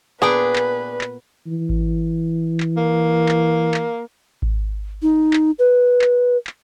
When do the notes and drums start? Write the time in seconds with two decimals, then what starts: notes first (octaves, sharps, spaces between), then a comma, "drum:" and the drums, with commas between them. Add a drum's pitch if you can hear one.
0.22 A#2 B3 D4 G#4 B4 G5
0.56 drum: clap
1.01 drum: clap
1.47 E3
1.69 drum: kick G#1
2.60 drum: clap
2.77 A#3
3.29 drum: clap
3.74 drum: clap
4.42 drum: kick G#1
5.02 D#4
5.33 drum: clap
5.59 B4
6.01 drum: clap
6.47 drum: clap